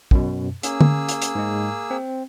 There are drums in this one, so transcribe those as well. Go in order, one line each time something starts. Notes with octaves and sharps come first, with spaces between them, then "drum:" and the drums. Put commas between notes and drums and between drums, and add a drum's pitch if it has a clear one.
F#2 B2, drum: kick
A#3 C#4 G#4 E6, drum: hi-hat
drum: tom
drum: hi-hat
drum: hi-hat
G#2 G#3
C4